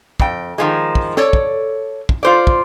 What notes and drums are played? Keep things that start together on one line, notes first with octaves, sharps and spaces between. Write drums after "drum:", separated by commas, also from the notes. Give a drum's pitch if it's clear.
F2 G5, drum: kick
D#3 F3 G#3
drum: kick
A4 C#5 D5, drum: snare
drum: kick
drum: kick
F4 C5 D5
drum: kick